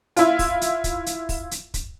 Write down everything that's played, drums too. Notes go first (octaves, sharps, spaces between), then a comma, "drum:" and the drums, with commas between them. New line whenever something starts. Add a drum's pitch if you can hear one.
E4 F4, drum: hi-hat
drum: kick, open hi-hat
drum: hi-hat
drum: kick, hi-hat
drum: hi-hat
drum: kick, open hi-hat
drum: hi-hat
drum: kick, hi-hat